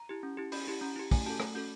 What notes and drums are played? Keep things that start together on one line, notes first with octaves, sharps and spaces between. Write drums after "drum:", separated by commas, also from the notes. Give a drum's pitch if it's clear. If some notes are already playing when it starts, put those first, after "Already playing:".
Already playing: A#5
E4 G4
C#4
E4 G4
C#4 B5, drum: open hi-hat
E4 G4
C#4 A#5
E4 G4
A3 G#5, drum: kick, open hi-hat
C#4 F#4 A4 A5
A3, drum: rim click
C#4 F#4 A4